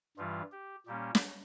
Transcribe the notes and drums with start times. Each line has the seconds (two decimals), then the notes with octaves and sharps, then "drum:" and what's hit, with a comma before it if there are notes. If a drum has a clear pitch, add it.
0.17 G2 E3 G3 F4
0.52 G4
0.86 A#2 G3 A#3 C#4 G4
1.15 drum: snare